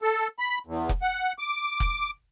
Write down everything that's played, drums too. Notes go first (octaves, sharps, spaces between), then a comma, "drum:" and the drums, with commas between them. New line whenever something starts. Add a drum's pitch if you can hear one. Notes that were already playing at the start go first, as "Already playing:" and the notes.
A4
B5
E2
drum: kick F1
F#5
D6
drum: kick F1